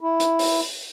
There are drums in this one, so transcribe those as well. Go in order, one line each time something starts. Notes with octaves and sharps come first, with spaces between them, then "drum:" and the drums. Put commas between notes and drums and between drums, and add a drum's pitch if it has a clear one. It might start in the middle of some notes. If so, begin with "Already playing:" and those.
E4
drum: hi-hat
drum: open hi-hat